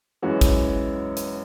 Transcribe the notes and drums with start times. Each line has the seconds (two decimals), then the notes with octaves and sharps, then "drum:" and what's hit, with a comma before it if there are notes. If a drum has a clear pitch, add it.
0.22 F#2 E3 G#3 C#4 F#4
0.41 drum: kick, hi-hat
1.17 drum: hi-hat